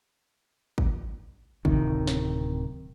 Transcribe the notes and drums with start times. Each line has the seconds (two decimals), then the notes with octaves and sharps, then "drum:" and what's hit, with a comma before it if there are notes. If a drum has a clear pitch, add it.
0.78 drum: kick
1.65 D1 C3 D#3, drum: kick
2.07 drum: snare